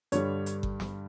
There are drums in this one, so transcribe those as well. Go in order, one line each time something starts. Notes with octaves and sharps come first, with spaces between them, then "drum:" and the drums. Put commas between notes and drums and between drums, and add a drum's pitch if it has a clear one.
G2 D3 G3 C#5, drum: hi-hat
drum: hi-hat
drum: kick G1
drum: snare